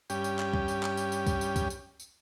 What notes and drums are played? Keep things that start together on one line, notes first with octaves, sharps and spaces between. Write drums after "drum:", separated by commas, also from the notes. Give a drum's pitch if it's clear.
G2 C#4 G4 G5, drum: tambourine
drum: tambourine
drum: clap
drum: kick C2
drum: tambourine
drum: clap
drum: tambourine
drum: tambourine
drum: kick C2, tambourine
drum: tambourine
drum: kick C2, tambourine
drum: tambourine
drum: tambourine